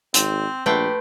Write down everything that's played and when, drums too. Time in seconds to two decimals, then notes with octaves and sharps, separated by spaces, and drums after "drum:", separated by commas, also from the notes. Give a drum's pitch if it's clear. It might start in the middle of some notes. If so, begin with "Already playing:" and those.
0.14 G#1 C4, drum: hi-hat
0.66 A#1 A3 G4 B4 F#5 G5 C6